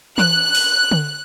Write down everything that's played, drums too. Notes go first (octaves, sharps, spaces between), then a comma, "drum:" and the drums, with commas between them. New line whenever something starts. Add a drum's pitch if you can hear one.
F#6, drum: tom E3
drum: open hi-hat
drum: tom D3